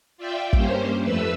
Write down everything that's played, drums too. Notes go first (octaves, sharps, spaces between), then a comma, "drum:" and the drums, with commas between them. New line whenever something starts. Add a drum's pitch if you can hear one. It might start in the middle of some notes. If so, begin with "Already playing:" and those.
F4 D5 E5 G5
G2 A#3 C#4 G4 C5, drum: kick
F2 A3 B4 E6